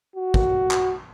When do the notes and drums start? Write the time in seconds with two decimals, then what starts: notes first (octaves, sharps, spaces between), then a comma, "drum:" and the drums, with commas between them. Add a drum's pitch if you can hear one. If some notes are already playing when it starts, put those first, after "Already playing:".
0.16 F#4
0.34 drum: kick
0.71 drum: clap